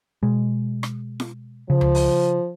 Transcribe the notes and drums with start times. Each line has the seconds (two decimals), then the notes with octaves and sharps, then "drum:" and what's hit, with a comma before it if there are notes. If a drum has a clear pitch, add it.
0.23 B2 G#3
0.83 drum: rim click
1.20 drum: snare
1.70 C#3 F3
1.81 drum: tom C#2
1.95 drum: open hi-hat